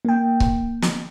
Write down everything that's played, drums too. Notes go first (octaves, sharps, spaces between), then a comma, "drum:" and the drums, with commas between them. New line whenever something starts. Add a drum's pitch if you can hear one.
A#3 G5
drum: kick C#1
drum: snare